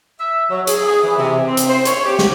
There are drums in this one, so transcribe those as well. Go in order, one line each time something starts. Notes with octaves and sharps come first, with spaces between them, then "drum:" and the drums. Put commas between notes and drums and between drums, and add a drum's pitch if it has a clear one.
E5
F#3
G#4, drum: hi-hat
G#4
E3
C3
C4
drum: hi-hat
C5
C#5, drum: hi-hat
G4
drum: snare